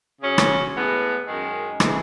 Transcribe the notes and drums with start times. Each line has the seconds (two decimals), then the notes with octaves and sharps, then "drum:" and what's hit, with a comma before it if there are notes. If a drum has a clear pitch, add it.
0.20 C#3 F#3 C#4
0.38 drum: rim click
0.74 A2 G#3 B3
1.26 F#2 D#3 G#3
1.80 A2 E3 G#3, drum: rim click